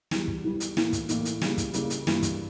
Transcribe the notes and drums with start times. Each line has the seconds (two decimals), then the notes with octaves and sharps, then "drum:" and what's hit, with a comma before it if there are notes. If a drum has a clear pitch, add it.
0.11 E2 E3 G3, drum: snare
0.28 drum: kick
0.44 E2 E3 G3
0.60 drum: hi-hat
0.77 A2 E3 A#3 E4, drum: snare
0.93 drum: kick, hi-hat
1.09 A2 E3 A#3 E4, drum: hi-hat
1.25 drum: hi-hat
1.41 C#3 G3 A#3 E4, drum: snare
1.58 drum: kick, hi-hat
1.73 C#3 G3 A#3 E4, drum: hi-hat
1.90 drum: hi-hat
2.07 G2 E3 A#3 E4, drum: snare
2.22 drum: kick, hi-hat